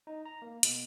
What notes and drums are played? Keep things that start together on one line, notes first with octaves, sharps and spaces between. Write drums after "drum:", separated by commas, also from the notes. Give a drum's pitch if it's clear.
D#4
A#5
A#3
B2, drum: hi-hat